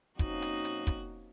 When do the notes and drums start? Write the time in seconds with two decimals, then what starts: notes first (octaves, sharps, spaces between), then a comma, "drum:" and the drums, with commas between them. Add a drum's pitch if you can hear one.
0.19 F2 F3 A#3 C#4 D#4 F#4, drum: kick, hi-hat
0.42 drum: hi-hat
0.65 drum: hi-hat
0.87 drum: kick, hi-hat